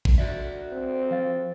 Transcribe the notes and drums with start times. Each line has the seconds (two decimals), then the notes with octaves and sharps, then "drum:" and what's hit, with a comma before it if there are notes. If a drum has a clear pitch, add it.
0.05 drum: kick A1
0.18 F#4 D5 E5
0.72 C4
1.11 F3 F5 A6